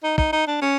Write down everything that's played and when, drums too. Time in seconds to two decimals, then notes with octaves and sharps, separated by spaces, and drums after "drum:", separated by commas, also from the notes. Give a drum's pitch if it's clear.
0.03 D#4
0.18 D#4, drum: kick
0.33 D#4
0.47 D4
0.62 C#4